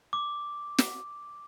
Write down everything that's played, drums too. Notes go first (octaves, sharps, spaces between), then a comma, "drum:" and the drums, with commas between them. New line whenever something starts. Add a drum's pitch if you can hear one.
D6
drum: snare